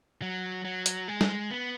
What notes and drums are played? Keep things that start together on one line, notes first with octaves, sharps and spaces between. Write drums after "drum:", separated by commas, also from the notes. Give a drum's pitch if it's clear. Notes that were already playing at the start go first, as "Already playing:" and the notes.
F#3
F#3
drum: hi-hat
G#3
drum: snare G3
B3